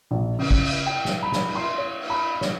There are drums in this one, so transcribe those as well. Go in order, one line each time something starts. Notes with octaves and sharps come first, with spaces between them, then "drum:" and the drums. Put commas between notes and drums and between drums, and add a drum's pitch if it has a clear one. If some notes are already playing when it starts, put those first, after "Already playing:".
A#1
C#3, drum: cymbal
drum: kick
drum: cymbal
G5
drum: snare
B5
drum: snare
drum: cymbal
C6
C#5
drum: cymbal
B5
C#5, drum: snare